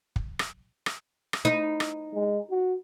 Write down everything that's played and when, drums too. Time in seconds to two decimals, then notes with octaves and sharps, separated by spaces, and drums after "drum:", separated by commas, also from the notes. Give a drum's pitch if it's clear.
0.16 drum: kick
0.39 drum: rim click
0.86 drum: rim click
1.33 drum: rim click
1.45 D#4
1.80 drum: rim click
2.15 G#3
2.50 F#4